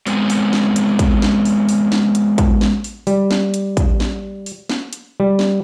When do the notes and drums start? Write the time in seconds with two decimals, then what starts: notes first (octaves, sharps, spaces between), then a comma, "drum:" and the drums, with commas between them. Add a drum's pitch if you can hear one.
0.07 F#3 G#3 B3 C4, drum: open hi-hat
0.30 drum: open hi-hat
0.53 drum: snare
0.76 drum: hi-hat
0.99 drum: kick, hi-hat
1.22 drum: snare
1.45 drum: open hi-hat
1.69 drum: open hi-hat
1.92 drum: snare
2.15 drum: hi-hat
2.38 drum: kick, hi-hat
2.61 drum: snare
2.84 drum: open hi-hat
3.07 G3, drum: open hi-hat
3.31 drum: snare
3.54 drum: hi-hat
3.77 drum: kick, hi-hat
4.00 drum: snare
4.46 drum: open hi-hat
4.69 drum: snare
4.93 drum: hi-hat
5.20 G3
5.39 drum: snare